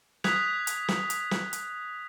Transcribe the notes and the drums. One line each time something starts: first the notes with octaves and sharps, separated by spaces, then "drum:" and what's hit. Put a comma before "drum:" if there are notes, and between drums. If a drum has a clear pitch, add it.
D#6 F#6 G#6 B6 F7, drum: snare
drum: hi-hat
drum: snare
drum: hi-hat
drum: snare
drum: hi-hat